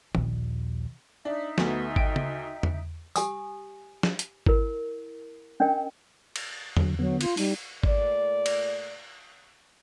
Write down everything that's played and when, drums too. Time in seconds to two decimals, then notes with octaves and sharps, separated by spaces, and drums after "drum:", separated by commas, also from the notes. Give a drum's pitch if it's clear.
0.15 A#1 D#2, drum: tom
1.25 D4 D#4 E5
1.58 D2 A3 B3 F#4, drum: snare
1.96 D#5 G5 D7, drum: kick G#1
2.16 drum: tom C#3
2.63 drum: tom E2
3.16 G4 G#5 D#6, drum: tambourine
4.03 drum: snare
4.19 drum: hi-hat
4.46 E4 A#4, drum: kick G#1
5.60 C#4 D4 A#4 D#5 G5
6.36 A6, drum: cymbal
6.77 D3 F#3, drum: tom E2
6.99 D3 F#3 B3
7.21 F4, drum: cymbal
7.37 G3 D#4, drum: open hi-hat
7.83 A#2 A3 D5, drum: kick G#1
8.46 drum: cymbal